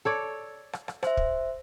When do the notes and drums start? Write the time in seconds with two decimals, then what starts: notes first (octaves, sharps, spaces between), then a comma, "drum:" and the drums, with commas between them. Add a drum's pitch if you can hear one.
0.05 A4 C#5 D5
0.73 drum: rim click
0.88 drum: rim click
1.03 C5 E5, drum: rim click
1.17 drum: kick